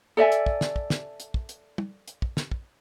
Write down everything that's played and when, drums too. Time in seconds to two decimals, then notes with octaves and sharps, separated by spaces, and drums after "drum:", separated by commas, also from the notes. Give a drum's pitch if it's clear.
0.17 A4 D5 E5 G#5
0.32 drum: hi-hat
0.46 drum: kick
0.61 drum: snare
0.76 drum: kick
0.90 drum: snare
1.20 drum: hi-hat
1.34 drum: kick
1.49 drum: hi-hat
1.78 drum: tom
2.08 drum: hi-hat
2.22 drum: kick
2.37 drum: snare
2.51 drum: kick